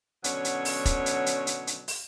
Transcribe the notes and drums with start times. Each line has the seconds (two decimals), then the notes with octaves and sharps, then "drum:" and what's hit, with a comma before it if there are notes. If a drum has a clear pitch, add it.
0.24 B2 D3 F#3 C#4 C#5, drum: hi-hat
0.45 drum: hi-hat
0.65 drum: open hi-hat
0.85 drum: kick, hi-hat
1.06 drum: hi-hat
1.26 drum: hi-hat
1.47 drum: hi-hat
1.67 drum: hi-hat
1.88 drum: open hi-hat